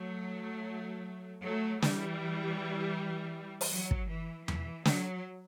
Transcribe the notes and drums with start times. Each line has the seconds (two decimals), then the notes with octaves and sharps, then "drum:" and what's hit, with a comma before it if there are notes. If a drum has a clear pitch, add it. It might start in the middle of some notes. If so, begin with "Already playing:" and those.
Already playing: F#3 A3
1.43 F#3 A3
1.82 E3 G3, drum: snare
3.61 drum: open hi-hat
3.71 F#3
3.91 drum: kick
4.10 E3
4.48 E3, drum: tom E2
4.85 F#3, drum: snare